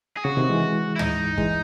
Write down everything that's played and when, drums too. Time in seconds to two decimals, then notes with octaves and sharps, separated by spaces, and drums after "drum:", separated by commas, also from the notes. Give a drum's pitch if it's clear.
0.17 G#4
0.24 C#3 F#4
0.37 C3 D#3
0.49 E3 G#3
0.96 E4
0.99 D#4, drum: tom
1.38 E3 G#3, drum: kick